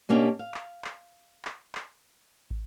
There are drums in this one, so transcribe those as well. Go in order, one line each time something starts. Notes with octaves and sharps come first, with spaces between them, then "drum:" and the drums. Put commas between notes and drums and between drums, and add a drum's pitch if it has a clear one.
B2 A#3 C#4 D4 G4
F5
drum: clap
drum: clap
drum: clap
drum: clap
drum: kick